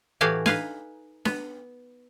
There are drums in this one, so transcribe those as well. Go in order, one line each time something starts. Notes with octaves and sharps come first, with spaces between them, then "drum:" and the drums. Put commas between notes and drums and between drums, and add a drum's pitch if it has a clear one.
A2 E3 F#4 G4 F5 G#5
D#4 B4 F5 G#5, drum: snare D4
B3, drum: snare D4